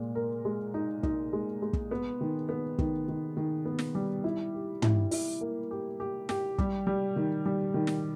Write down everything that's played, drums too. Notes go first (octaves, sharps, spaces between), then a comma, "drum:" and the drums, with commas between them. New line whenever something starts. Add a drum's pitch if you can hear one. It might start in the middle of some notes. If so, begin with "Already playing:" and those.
Already playing: A#2 G#3
A#4
G#3
D#4
D#4, drum: kick
G#3
G#3
drum: kick
B3
D#3
B3
D#3, drum: kick
D#3
D#3
B3
drum: snare
G3
E4
G4
E4, drum: tom
E4, drum: open hi-hat
A#3
G4
G4
G4, drum: snare
G3, drum: kick
G3
D#3
G3
D#3
drum: snare